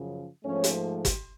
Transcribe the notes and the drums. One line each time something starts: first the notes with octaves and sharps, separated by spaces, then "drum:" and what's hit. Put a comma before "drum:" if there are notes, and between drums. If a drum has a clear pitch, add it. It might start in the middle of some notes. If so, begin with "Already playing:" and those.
Already playing: F#2 C#3 F3
G#2 F3 A3 C#4
drum: hi-hat
drum: kick G1, hi-hat